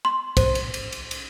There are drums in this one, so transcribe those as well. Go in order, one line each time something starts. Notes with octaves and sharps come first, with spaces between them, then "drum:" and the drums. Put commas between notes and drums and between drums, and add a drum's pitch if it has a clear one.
C6
C5, drum: kick, cymbal
drum: cymbal
drum: cymbal
drum: cymbal
drum: cymbal